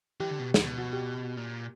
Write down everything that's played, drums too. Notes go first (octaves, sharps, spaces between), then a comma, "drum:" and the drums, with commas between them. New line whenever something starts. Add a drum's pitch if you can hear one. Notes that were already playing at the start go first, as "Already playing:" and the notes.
E3 G4
D3
B2
drum: snare
B2
F#4
G4
A#2